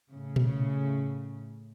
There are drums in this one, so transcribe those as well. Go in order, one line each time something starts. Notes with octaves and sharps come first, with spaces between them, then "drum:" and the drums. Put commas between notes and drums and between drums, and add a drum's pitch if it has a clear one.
A2 C#3
drum: tom A#2